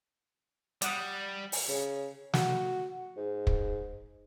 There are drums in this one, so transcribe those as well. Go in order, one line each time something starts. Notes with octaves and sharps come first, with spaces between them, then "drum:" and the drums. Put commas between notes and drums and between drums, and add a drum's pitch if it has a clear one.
G3 D5 F#5 D#6, drum: hi-hat
drum: open hi-hat
C#3
F#4, drum: snare
G#2
drum: kick